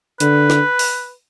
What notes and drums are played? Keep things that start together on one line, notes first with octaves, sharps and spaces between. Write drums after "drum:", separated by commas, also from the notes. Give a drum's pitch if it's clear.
D3 B4, drum: hi-hat
drum: snare
drum: open hi-hat